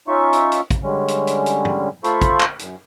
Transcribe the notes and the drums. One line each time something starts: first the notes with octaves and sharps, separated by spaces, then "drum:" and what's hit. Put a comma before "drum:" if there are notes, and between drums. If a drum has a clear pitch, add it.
C#4 D#4 F4 E5 C#6
drum: hi-hat
drum: hi-hat
drum: kick, hi-hat
D3 G3 G#3 C#4
drum: hi-hat
drum: hi-hat
drum: hi-hat
drum: tom
A3 F4 A4 C5 B5 C#6, drum: hi-hat
drum: kick, hi-hat
drum: clap
F#2, drum: hi-hat